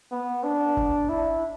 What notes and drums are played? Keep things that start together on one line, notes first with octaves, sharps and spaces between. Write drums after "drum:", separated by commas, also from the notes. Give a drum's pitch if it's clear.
B3
D4
drum: kick F#1
E4